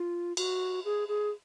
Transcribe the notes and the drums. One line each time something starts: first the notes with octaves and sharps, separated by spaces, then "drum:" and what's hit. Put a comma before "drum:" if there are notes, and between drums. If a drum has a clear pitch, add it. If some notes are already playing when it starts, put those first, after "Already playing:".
Already playing: F4
F#4, drum: cymbal
G#4
G#4